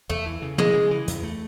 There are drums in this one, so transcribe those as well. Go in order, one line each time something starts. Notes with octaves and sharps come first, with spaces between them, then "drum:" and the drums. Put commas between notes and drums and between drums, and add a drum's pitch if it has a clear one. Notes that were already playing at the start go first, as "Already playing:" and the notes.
E2 A3
E3
C#3
E3 G#3, drum: tom
C#3
E3
E2, drum: hi-hat
A3